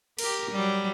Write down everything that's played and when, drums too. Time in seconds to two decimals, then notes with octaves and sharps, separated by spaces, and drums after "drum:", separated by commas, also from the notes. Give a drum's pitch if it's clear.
0.19 G4 A#4, drum: cymbal
0.51 F#3 G3